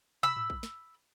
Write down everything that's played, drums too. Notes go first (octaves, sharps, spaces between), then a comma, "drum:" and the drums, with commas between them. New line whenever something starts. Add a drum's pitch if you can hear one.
B5 E6, drum: tom
drum: tom G#2
drum: kick
drum: snare